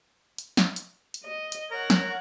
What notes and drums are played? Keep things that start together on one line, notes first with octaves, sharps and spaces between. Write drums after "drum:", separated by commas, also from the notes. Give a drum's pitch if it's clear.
drum: hi-hat
drum: snare
drum: hi-hat
drum: hi-hat
D#5
drum: hi-hat
A#4 C#5 F#5 A#5
drum: snare